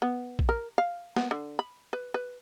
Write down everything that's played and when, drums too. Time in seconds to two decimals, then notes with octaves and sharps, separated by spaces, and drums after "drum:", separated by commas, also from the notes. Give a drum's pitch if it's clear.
0.02 B3
0.39 drum: kick A#1
0.49 A#4
0.78 F5
1.16 B3, drum: snare
1.31 D3
1.59 B5
1.93 B4
2.14 B4